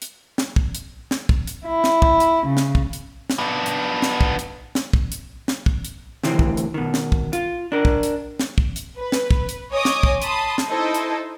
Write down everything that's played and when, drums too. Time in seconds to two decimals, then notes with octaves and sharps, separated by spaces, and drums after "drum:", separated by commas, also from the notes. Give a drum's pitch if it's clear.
0.02 drum: hi-hat
0.38 drum: snare
0.56 drum: kick
0.75 drum: hi-hat
1.11 drum: snare
1.29 drum: kick
1.47 drum: hi-hat
1.66 E4
1.84 drum: snare
2.02 drum: kick
2.20 drum: hi-hat
2.47 C#3
2.57 drum: snare
2.75 drum: kick
2.93 drum: hi-hat
3.30 drum: snare
3.39 B3 D4
3.66 drum: hi-hat
4.02 drum: snare
4.21 drum: kick
4.39 drum: hi-hat
4.75 drum: snare
4.93 drum: kick
5.12 drum: hi-hat
5.48 drum: snare
5.66 drum: kick
5.85 drum: hi-hat
6.24 D2 A2 C3 D#3 E3 C4, drum: snare
6.39 drum: kick
6.57 drum: hi-hat
6.74 B2 D#3
6.94 drum: snare
7.12 drum: kick
7.33 F4, drum: hi-hat
7.72 D4 A#4
7.85 drum: kick
8.03 drum: hi-hat
8.39 drum: snare
8.58 drum: kick
8.76 drum: hi-hat
8.99 B4
9.12 drum: snare
9.31 drum: kick
9.49 drum: hi-hat
9.72 C#5 D#5 G#5 D6 D#6
9.85 drum: snare
10.03 drum: kick
10.22 A5 B5 C6 D#6, drum: hi-hat
10.58 drum: snare
10.68 D#4 E4 A4 C5 D#5
10.94 drum: hi-hat